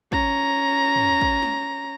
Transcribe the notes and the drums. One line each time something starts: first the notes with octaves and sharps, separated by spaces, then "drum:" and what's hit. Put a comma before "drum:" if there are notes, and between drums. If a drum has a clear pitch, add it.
C#4 A#5, drum: kick
drum: tom
drum: kick
drum: snare